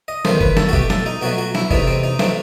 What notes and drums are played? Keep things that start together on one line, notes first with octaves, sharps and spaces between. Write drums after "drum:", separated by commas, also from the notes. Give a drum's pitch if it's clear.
D#5
E2 D#3 A3 C5, drum: snare
B4, drum: kick F#1
A4, drum: snare
F#4
B2 A3 G4, drum: kick F#1
A4, drum: snare
D#4
B2 F#3 A3 F#4
F#4
E4, drum: snare
E2 C3 E3 A3 D#4, drum: kick F#1
C4
D#4
E3 A3 C4, drum: snare